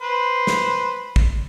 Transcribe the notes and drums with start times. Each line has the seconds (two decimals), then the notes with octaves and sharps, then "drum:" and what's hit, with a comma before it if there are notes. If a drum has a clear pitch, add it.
0.01 B4 C5
0.47 drum: snare
1.16 drum: kick